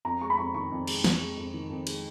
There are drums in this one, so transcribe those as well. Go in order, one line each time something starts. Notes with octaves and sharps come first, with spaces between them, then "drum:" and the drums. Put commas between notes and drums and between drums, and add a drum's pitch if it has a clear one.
F2 A#5
G#3 C#6
B5
F2 C#6
D#3 C#6
F2
G#3, drum: cymbal
F2, drum: snare
G#3
F2
D#3
F2
G#3, drum: cymbal